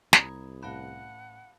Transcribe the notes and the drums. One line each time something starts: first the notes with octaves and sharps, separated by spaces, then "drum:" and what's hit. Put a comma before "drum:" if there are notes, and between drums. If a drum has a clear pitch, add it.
C2 G3 A#5 B5 D#6 G#6, drum: snare
A1 F5 F#5 A5 B5 F#6